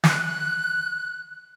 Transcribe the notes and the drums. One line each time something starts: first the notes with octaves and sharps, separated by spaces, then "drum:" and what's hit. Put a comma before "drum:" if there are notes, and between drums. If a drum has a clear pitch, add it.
F#6, drum: snare